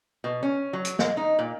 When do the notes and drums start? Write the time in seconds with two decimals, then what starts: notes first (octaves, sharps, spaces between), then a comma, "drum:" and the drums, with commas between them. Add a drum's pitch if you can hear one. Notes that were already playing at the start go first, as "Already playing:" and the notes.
0.24 B2
0.43 C#4
0.73 F#3
0.85 drum: hi-hat
0.99 G#3, drum: snare
1.17 D#4
1.39 A#2